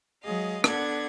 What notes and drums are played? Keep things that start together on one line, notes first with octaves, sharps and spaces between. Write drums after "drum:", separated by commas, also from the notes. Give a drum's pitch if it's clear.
F#3 G#3 G#4 D#5 F5
B3 D4 A4 F#5 G#6, drum: rim click